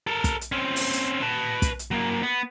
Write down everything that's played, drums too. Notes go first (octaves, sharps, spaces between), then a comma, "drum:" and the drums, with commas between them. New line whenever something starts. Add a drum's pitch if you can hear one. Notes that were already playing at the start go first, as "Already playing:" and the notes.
A4 A#4
drum: kick, hi-hat
drum: hi-hat
C4 C#4
drum: open hi-hat
drum: hi-hat
B4 A5
drum: kick, hi-hat
drum: hi-hat
F#3 A#3
B3